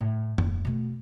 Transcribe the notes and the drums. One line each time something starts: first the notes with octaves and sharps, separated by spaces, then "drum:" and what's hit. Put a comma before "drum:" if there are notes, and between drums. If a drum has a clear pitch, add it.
A2
D#1, drum: tom F2
B2 A3